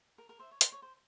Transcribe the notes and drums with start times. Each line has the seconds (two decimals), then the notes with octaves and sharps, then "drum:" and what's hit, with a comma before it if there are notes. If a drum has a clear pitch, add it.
0.18 A#4
0.29 A#4
0.39 C5 E5
0.51 C#5
0.61 C5, drum: hi-hat
0.72 C#5
0.82 C5